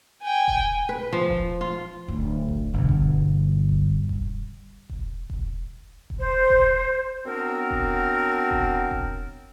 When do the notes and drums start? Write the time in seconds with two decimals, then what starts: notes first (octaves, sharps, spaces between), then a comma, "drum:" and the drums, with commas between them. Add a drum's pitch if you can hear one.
0.23 G5 G#5
0.48 drum: kick E1
0.89 B4
1.13 F3
1.28 drum: kick E1
1.61 F4
2.08 D1 D3
2.49 drum: kick E1
2.74 G1 E2 G2 B2
2.89 drum: kick E1
3.69 drum: kick E1
4.09 drum: kick E1
4.90 drum: kick E1
5.30 drum: kick E1
6.10 drum: kick E1
6.19 C5
6.50 drum: kick E1
7.25 F#3 B3 C4 D4 A#4
7.71 drum: kick E1
8.51 drum: kick E1
8.91 drum: kick E1